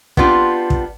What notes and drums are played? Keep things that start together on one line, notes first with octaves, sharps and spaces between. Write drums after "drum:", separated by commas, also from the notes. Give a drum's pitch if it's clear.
B3 C4 D4 F4 G4, drum: kick
drum: kick